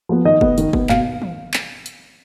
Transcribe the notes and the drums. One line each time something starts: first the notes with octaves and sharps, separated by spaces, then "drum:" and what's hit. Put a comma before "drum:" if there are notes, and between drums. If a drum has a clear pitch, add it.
F3 B3
D#3 D#5
B3, drum: kick F#1
D#3, drum: hi-hat
B3, drum: kick F#1
B2 F5, drum: clap
drum: tom
drum: clap
drum: hi-hat